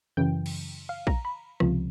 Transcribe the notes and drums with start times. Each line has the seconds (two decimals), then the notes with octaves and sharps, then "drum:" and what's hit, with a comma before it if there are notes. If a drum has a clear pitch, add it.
0.17 F#2 C#3 E3 G5
0.46 drum: cymbal
0.89 F5
1.07 A#5, drum: kick A#1
1.25 B5
1.60 C#2 C3 F3, drum: rim click